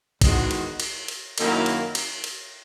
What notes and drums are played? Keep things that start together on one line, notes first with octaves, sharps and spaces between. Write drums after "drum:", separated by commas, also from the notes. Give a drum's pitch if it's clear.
E2 D#3 G#3 D#4 F#4, drum: kick, cymbal
drum: cymbal
drum: cymbal
drum: cymbal
F#2 D#3 A#3 E4, drum: cymbal
drum: cymbal
drum: cymbal
drum: cymbal